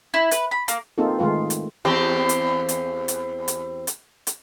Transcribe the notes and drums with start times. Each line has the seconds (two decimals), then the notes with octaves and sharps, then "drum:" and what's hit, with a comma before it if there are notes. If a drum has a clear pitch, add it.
0.14 E4
0.31 B4, drum: hi-hat
0.51 B5
0.68 A#3, drum: hi-hat
0.98 A#3 C4 D#4 F4 G#4 A4
1.19 D#3 G#3 A3 F4 B4
1.50 drum: hi-hat
1.85 E2 C4 G4
2.29 drum: hi-hat
2.69 drum: hi-hat
3.08 drum: hi-hat
3.48 drum: hi-hat
3.87 drum: hi-hat
4.27 drum: hi-hat